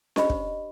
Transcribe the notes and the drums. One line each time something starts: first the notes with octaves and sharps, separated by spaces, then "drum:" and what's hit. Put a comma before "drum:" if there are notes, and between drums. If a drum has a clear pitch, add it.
D4 G4 C5 D#5 B5, drum: snare C#4
drum: kick